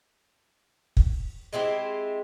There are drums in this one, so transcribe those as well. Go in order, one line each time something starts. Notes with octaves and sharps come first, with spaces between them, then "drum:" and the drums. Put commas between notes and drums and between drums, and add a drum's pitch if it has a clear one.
drum: kick
G#3 C4 E4 G4